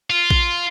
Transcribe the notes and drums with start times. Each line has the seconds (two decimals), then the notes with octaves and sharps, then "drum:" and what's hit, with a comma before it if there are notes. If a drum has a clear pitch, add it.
0.10 F4
0.30 drum: kick